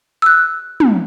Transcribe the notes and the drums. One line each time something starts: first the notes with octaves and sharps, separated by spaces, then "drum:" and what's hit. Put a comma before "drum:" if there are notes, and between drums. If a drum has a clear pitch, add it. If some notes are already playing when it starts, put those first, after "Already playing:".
E6 F#6
drum: tom